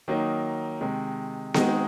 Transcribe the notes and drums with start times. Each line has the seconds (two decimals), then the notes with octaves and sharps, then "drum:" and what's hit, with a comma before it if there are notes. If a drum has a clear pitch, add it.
0.08 D#3 F#3 A#3 D#4
0.81 C3 D#3 G#3
1.54 D#3 G#3 C4 D#4 F#4, drum: snare B3